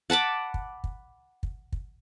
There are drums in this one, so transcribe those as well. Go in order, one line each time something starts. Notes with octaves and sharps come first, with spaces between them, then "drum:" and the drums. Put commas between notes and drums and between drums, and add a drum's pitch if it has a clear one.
F#5 A5 B5 D6
drum: kick
drum: kick
drum: kick
drum: kick